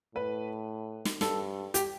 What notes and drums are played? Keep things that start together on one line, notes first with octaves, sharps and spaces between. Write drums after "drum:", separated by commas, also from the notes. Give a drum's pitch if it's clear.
A2 B4
drum: snare
G2 A4, drum: snare
G4, drum: hi-hat